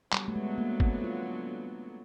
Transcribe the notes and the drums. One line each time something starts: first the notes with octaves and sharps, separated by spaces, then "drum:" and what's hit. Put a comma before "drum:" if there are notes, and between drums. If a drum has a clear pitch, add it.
D3 F#3 G3 B3, drum: clap
A3
G#3
A#3
C4, drum: kick
F4